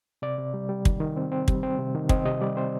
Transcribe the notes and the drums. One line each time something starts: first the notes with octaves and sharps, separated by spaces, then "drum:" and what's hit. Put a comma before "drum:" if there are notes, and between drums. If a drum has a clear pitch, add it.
C3 D5
C3
G3
G3
D#3, drum: kick
D#3
C4
C4
G3, drum: kick
C4
C3
D#3
C4 D#5, drum: kick
C3 D#5
G3 D5
C4 C5